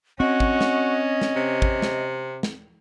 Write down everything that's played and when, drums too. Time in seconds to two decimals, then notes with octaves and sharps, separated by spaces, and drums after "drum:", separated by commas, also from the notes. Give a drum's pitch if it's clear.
0.20 C4 C#4 F#4 D#5
0.40 drum: kick
0.61 drum: snare
1.21 drum: snare
1.36 C3
1.62 drum: kick
1.82 drum: snare
2.43 drum: snare